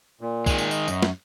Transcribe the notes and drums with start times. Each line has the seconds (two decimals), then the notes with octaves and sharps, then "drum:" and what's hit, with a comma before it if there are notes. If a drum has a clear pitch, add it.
0.21 A#2
0.46 D#3 G#3, drum: kick, tambourine
0.58 drum: tambourine
0.71 D#5, drum: tambourine
0.88 F#2, drum: tambourine
1.03 drum: snare